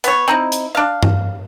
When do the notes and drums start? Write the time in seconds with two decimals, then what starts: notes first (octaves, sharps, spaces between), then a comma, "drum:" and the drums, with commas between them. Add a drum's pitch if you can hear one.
0.04 B3 C#5, drum: hi-hat
0.28 C4 D#4 E4
0.52 drum: hi-hat
0.75 D4 F5
1.03 drum: tom G2